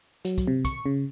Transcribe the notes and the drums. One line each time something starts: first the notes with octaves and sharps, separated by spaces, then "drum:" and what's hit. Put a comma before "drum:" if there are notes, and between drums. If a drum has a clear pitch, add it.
F#3, drum: hi-hat
drum: kick, hi-hat
C3
C#6, drum: kick, hi-hat
C#3